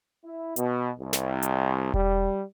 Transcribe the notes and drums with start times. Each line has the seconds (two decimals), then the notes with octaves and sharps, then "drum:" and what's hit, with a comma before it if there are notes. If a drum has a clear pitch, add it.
0.24 E4
0.56 B2, drum: hi-hat
0.99 C2
1.13 drum: snare
1.42 drum: hi-hat
1.94 G3, drum: kick E1